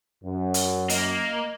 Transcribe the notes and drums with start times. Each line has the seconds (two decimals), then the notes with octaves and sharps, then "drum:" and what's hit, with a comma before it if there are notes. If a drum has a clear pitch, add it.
0.24 F#2
0.54 drum: hi-hat
0.90 A#3 D#5, drum: hi-hat